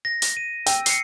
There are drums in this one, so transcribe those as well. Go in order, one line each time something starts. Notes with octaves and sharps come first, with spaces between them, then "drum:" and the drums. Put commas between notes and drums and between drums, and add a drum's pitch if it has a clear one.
A#6
drum: hi-hat
D#7
G5 E6, drum: hi-hat
C7 C#7, drum: hi-hat